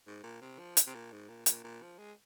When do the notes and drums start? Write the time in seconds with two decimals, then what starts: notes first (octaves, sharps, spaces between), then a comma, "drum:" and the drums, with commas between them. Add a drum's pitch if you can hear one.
0.07 G#2
0.24 A#2
0.41 C3
0.59 F3
0.77 drum: hi-hat
0.87 C3
0.95 A#2
1.12 G#2
1.29 A#2
1.46 A#2, drum: hi-hat
1.64 A#2
1.82 F3
1.98 G#3